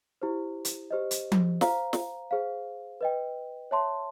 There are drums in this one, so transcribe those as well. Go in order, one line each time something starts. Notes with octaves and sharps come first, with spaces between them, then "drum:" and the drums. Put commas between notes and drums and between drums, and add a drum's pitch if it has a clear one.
E4 G4 C5
drum: hi-hat
G4 C5 D#5
drum: hi-hat
drum: tom F3
C5 F5 A#5, drum: snare
drum: snare
G#4 C5 F5
B4 D#5 G5
C#5 E5 A5 C6